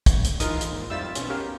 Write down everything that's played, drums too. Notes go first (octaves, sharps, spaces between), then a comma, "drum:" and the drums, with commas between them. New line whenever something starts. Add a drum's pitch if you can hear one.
drum: kick, hi-hat
drum: hi-hat
E3 D#4 F4 A#4 D#6, drum: hi-hat
drum: hi-hat
D#2 G#2
F2 G3 F4 E5 E6 A6
B1 B2 C#4, drum: hi-hat
G4 A#4 F5